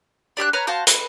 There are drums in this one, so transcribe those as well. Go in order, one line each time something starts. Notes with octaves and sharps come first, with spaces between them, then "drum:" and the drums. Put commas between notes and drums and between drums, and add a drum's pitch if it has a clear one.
D4 G4 F6 F#6
B4 C#5 A#5 F6
F#4 C5 F5 A5
B4, drum: hi-hat